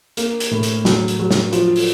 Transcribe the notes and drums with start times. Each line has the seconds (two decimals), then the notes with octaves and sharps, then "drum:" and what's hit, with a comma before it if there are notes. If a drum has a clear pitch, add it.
0.17 A#3, drum: hi-hat
0.40 drum: hi-hat
0.51 A2
0.63 drum: hi-hat
0.85 F#3, drum: snare
1.08 drum: hi-hat
1.20 F#3
1.31 drum: snare
1.53 F3, drum: hi-hat
1.76 drum: open hi-hat